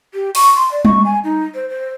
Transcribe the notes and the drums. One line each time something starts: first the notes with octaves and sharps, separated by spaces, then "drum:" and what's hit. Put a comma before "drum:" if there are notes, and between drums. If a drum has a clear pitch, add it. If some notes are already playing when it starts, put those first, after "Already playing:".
G4
C#6, drum: open hi-hat
C6
D5
C#6, drum: tom G3
G#5
D#4
C5
C5